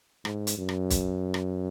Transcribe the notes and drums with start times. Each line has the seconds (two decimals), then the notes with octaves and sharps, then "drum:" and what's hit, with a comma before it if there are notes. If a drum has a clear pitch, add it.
0.25 G#2, drum: rim click
0.47 drum: hi-hat
0.58 F#2
0.69 drum: rim click
0.90 drum: kick B1, hi-hat
1.34 drum: rim click